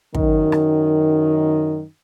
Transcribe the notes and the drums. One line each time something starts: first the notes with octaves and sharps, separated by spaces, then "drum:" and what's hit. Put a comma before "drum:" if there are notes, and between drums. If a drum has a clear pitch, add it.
F#2 D#3, drum: kick
drum: rim click